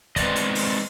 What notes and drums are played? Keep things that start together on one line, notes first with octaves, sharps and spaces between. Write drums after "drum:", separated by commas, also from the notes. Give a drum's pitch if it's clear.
G#3 C4 B4 D5 D#5, drum: kick, hi-hat
drum: hi-hat
drum: open hi-hat